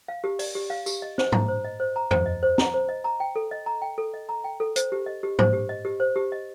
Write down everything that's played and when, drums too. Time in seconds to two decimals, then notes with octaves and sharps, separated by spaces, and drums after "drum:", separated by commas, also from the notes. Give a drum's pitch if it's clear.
0.08 F5
0.24 G4
0.39 D5, drum: open hi-hat
0.55 G4
0.70 F5
0.86 G4, drum: tambourine
1.02 D#5
1.18 C5, drum: snare
1.32 A#5, drum: tom G#2
1.48 C5
1.64 D#5
1.80 C5
1.96 A#5
2.11 C5, drum: tom E2
2.26 D#5
2.43 C5
2.58 A#5, drum: snare
2.74 C5
2.89 D#5
3.04 A#5
3.20 G5
3.36 A4
3.51 D#5
3.66 A#5
3.82 G5
3.98 A4
4.14 D#5
4.29 A#5
4.44 G5
4.60 A4
4.76 C5, drum: hi-hat
4.92 G4
5.06 D#5
5.23 G4
5.39 C5, drum: tom G#2
5.53 G4
5.69 D#5
5.85 G4
6.00 C5
6.16 G4
6.32 D#5